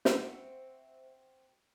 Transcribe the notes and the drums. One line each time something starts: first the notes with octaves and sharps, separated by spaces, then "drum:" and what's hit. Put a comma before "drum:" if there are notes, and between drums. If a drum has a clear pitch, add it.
C4 F#4 C5 E5, drum: snare